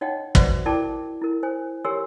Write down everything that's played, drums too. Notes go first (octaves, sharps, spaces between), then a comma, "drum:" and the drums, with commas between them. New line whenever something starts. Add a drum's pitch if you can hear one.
D#4 C#5 D#5 F#5 G5
F#4 B4 C5 D5 E5 F#5, drum: kick
E4 A#4 D5 G5 A5 D6
E4 A#4
C5 G#5
G4 A#4 C#5 G#5 C6 E6